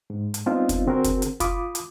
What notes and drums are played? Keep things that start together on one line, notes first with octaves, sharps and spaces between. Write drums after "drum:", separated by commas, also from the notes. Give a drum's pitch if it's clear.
G#2
drum: hi-hat
G3 B3 C4 D4 D#4 F4
drum: kick, hi-hat
D3 C4 F#4 G#4 A#4
drum: kick, hi-hat
drum: hi-hat
F4 B5 D6 D#6, drum: kick, hi-hat
drum: hi-hat